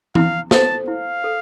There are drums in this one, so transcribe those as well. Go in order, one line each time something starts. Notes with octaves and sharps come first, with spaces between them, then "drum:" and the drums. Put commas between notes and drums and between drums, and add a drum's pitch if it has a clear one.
E4 F5, drum: tom E3
A4 C5 A5, drum: snare
E4 F5
A4